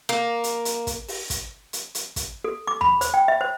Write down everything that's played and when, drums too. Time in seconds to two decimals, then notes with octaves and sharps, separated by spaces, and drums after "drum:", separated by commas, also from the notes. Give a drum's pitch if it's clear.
0.09 A#3
0.44 drum: hi-hat
0.65 drum: hi-hat
0.87 drum: kick, hi-hat
1.08 drum: open hi-hat
1.30 drum: kick, hi-hat
1.73 drum: hi-hat
1.95 drum: hi-hat
2.16 drum: kick, hi-hat
2.44 A4
2.67 D6
2.81 B5, drum: tom E2
3.01 C5, drum: hi-hat
3.14 G5
3.28 E5
3.41 C5